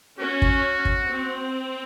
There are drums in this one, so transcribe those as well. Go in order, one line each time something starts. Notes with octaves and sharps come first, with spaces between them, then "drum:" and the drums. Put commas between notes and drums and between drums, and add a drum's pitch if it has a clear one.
C#4 F#4
drum: kick
drum: kick
C4